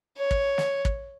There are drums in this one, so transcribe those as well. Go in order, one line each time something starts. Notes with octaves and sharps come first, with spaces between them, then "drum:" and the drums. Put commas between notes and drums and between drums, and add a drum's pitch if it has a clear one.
C#5
drum: kick
drum: snare
drum: kick